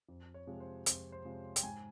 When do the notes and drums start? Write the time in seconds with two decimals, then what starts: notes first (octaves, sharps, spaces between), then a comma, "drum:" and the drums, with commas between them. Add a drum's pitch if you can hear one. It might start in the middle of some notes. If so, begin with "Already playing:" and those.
0.08 F2
0.34 C#5
0.47 C3 F3 G#3
0.60 C5
0.86 F2 C5, drum: hi-hat
1.12 C5
1.25 C3 F3 G#3
1.56 G5, drum: hi-hat
1.63 G#2 G#5